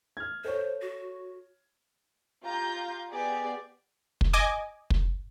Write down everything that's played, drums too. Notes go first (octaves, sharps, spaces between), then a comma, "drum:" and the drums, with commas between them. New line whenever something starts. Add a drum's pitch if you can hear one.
F6 G#6
A4 C5 C#5
F#4
F4 G4 F5 A#5 G6
B3 G4 G#4 D5
drum: kick
D#5 G#5 D6
drum: kick